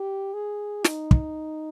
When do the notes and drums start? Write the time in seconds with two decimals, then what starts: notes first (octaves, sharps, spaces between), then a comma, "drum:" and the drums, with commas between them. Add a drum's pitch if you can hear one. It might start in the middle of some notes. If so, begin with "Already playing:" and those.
Already playing: G4
0.34 G#4
0.84 D#4, drum: snare
1.11 drum: kick